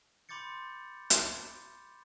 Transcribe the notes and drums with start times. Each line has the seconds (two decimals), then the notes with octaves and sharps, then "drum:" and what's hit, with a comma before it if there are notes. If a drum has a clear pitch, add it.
0.29 B5 C6 D6 G6 A6 C#7
1.10 drum: hi-hat